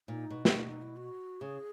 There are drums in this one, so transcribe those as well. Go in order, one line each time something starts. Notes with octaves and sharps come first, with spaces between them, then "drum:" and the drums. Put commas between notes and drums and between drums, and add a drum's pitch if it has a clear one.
A#2 D#4
B2
C#4, drum: snare
D#4
D#4
E4
F#4
C#3 G#4